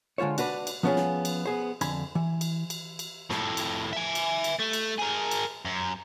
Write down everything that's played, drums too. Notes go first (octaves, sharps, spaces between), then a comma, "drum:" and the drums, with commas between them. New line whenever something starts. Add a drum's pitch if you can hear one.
D3 G#3 F4 C5 C#5
D4 F#4 B4 D5, drum: cymbal
drum: cymbal
F3 B3 C#4 D#4 F4 G#4
drum: snare
drum: cymbal
B3 G#4 C5
F2 D3 G#5 B5, drum: cymbal
E3
drum: cymbal
drum: cymbal
drum: cymbal
F2 A2, drum: snare
drum: cymbal
E5 G#5
drum: cymbal
drum: cymbal
A3
drum: cymbal
G#4 A#4
drum: cymbal
F#2